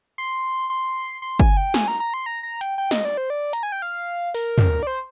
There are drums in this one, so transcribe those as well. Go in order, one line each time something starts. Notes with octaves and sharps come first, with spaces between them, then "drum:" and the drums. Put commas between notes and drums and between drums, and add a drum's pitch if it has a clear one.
C6
C6
C6
G#5, drum: kick
G5
G#5, drum: snare
A#5
A#5
C6
A#5
A#5
G5, drum: hi-hat
G5
D#5, drum: snare
D5
C5
D5
A#5, drum: hi-hat
G#5
G5
F5
A#4, drum: open hi-hat
drum: tom
D5
C5